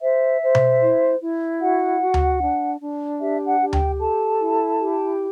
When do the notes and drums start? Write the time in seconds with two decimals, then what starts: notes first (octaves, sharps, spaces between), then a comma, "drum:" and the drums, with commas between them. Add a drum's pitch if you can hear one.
0.01 C5 E5
0.42 C5
0.55 drum: tom B2
0.81 E4
1.21 E4
1.61 F#4 F#5
2.01 F#4
2.14 drum: tom D2
2.41 D4
2.81 D4
3.20 G4 E5
3.46 F#5
3.60 G4
3.73 G5, drum: tom D2
4.00 A4 A5
4.39 E4
4.79 G4